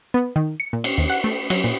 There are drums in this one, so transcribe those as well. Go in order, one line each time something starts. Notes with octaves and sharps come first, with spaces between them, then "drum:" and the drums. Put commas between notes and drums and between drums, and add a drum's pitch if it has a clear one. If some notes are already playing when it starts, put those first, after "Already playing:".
B3
D#3
C#7
A#2
drum: cymbal
D#2
F#5
A3
F#3, drum: cymbal
A#2